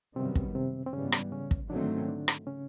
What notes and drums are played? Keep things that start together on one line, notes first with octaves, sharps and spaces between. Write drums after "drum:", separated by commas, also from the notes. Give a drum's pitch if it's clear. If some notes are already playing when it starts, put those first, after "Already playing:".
F#2 C3 D#3 G3 B3 C4
drum: kick
C3 C4
C4
G#2 C#3 E3 G3 B3 C#4
drum: rim click
C#3 C#4
drum: kick
G#2 D3 D#3 F#3 A3 C4 D4
C#4
D3 D4
drum: rim click
C#3 C#4